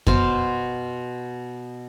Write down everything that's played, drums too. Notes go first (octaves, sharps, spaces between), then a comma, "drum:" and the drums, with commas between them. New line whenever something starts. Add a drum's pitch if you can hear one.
B2 C5 F5, drum: kick F2